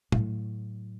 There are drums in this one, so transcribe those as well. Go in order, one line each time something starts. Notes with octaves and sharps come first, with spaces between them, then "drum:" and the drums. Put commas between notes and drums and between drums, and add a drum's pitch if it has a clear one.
A2 F#3, drum: tom